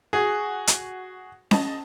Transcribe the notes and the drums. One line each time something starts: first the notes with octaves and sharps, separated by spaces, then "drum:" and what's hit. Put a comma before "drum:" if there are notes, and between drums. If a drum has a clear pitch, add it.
F#4 G#4
drum: hi-hat
D#5 A5, drum: snare C#4